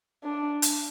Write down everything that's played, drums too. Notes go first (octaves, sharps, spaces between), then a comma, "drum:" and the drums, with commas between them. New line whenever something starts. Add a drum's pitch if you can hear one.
D4
drum: hi-hat